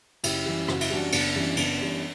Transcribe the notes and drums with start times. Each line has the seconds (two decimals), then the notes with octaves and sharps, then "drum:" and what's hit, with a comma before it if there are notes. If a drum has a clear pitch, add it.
0.24 F#1 E4 G4, drum: cymbal
0.46 F#2 E3 G3
0.68 F#1 F#4, drum: rim click
0.81 E4, drum: cymbal
0.90 F#2 E3 G3 D4 F#4
1.12 F#1 B3 D4, drum: cymbal
1.35 F#2 E3 G3
1.57 F#1 B3 D4, drum: cymbal
1.79 F#2 E3 G3